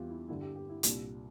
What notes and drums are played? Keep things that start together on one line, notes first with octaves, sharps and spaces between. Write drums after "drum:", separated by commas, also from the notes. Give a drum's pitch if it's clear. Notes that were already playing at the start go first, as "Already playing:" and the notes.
Already playing: E2 E3 G3 F4 G4
E4
G2 D3 G3 E4
G4
G4
E4
C2 A#2 G3 D4, drum: hi-hat